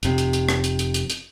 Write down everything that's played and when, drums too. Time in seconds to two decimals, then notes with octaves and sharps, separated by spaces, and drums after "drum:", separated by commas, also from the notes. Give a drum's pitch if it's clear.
0.03 F1 C3, drum: hi-hat
0.18 drum: hi-hat
0.33 drum: hi-hat
0.49 drum: rim click
0.64 drum: hi-hat
0.79 drum: hi-hat
0.94 drum: hi-hat
1.10 drum: hi-hat